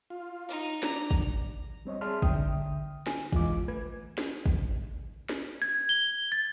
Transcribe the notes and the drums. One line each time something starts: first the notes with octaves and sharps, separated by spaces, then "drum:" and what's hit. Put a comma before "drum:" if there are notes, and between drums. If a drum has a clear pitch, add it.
F4
D#4
D4 A#5, drum: snare
drum: kick
G3 C4 C#5 D#5
G#4 D5 E5 A5 C6 F6
D3 E5 G5 D#6, drum: kick
G#5, drum: snare
E2 E3 G#3 F4 D#5 D6, drum: kick
A3 B4 G#6
drum: snare
drum: kick
drum: snare
G#6
G7
A6